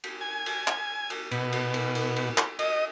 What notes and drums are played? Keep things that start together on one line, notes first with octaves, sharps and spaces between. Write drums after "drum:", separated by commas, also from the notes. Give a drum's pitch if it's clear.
drum: cymbal
G#5
drum: cymbal
drum: clap
drum: cymbal
B2, drum: cymbal
drum: cymbal
drum: cymbal
drum: cymbal
drum: cymbal
drum: clap
D#5, drum: cymbal